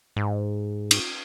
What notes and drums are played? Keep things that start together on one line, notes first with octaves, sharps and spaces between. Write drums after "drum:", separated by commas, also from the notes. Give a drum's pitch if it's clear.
G#2
drum: cymbal